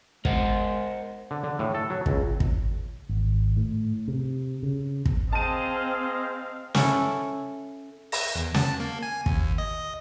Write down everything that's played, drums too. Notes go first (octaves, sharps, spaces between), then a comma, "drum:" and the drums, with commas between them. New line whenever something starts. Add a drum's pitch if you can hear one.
G#3 A#4 C5 F#5, drum: kick
D3
D3
A2
A4
F#3
C#2, drum: kick
drum: kick
G#1
A2
C3
C#3
drum: kick
C4 G#4 C5 D#5 F5 A5 D#7
C#4 E4 A4, drum: snare
A#6, drum: open hi-hat
E2
A5, drum: snare
A#3
G#5
D#2, drum: kick
D#5